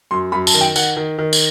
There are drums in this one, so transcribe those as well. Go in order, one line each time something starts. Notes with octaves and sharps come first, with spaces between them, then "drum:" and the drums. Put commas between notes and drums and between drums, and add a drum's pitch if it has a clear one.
F#2 C6
F#2 B5
A5, drum: tambourine
D#3
G5
D#3 F#5, drum: tambourine
D#3
D#3
drum: tambourine